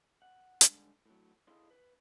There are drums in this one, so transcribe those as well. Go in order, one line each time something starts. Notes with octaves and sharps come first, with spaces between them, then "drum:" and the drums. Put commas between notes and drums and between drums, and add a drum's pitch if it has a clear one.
F#5
G#2 D3 G3, drum: hi-hat
A2 F#3
E4 G#4 A4 D#5 F5 C6
B4